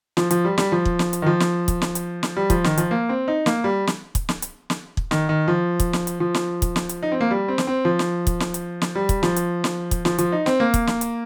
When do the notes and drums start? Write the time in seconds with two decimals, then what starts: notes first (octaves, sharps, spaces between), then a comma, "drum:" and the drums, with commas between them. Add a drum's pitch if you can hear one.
0.17 F3, drum: snare
0.31 F3, drum: hi-hat
0.45 G3
0.58 G3, drum: snare
0.72 F3
0.85 drum: kick
0.99 drum: snare
1.13 drum: hi-hat
1.22 D#3
1.26 F3
1.40 drum: snare
1.68 drum: kick, hi-hat
1.82 drum: snare
1.95 drum: hi-hat
2.23 drum: snare
2.37 G3
2.50 F3, drum: kick, hi-hat
2.64 D#3, drum: snare
2.78 F3, drum: hi-hat
2.91 A#3
3.09 C4
3.28 D#4
3.46 A#3, drum: snare
3.64 G3
3.87 drum: snare
4.15 drum: kick, hi-hat
4.29 drum: snare
4.42 drum: hi-hat
4.70 drum: snare
4.97 drum: kick
5.11 D#3, drum: snare
5.29 D#3
5.48 F3
5.80 drum: kick, hi-hat
5.93 drum: snare
6.07 drum: hi-hat
6.20 F3
6.34 drum: snare
6.62 drum: kick, hi-hat
6.76 drum: snare
6.89 drum: hi-hat
7.03 D#4
7.12 C4
7.21 A#3
7.31 G3
7.48 C4
7.58 drum: snare
7.67 C4
7.85 F3
7.99 drum: snare
8.27 drum: kick, hi-hat
8.40 drum: snare
8.54 drum: hi-hat
8.82 drum: snare
8.95 G3
9.09 drum: kick, hi-hat
9.23 F3, drum: snare
9.36 drum: hi-hat
9.64 drum: snare
9.91 drum: kick, hi-hat
10.05 F3, drum: snare
10.19 F3, drum: hi-hat
10.32 D#4
10.46 C4, drum: snare
10.60 A#3
10.74 drum: kick, hi-hat
10.87 drum: snare
11.01 drum: hi-hat